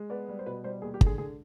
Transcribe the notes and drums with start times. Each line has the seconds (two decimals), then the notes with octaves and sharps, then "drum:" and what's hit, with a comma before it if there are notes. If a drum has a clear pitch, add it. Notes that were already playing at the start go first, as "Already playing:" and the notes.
Already playing: G#3
0.10 B3 D5
0.29 G3
0.39 C5
0.46 B2 B4
0.64 G3 C5
0.82 D#2 G#4
0.94 G4
1.01 D3, drum: kick
1.06 G#4
1.18 D3 G#4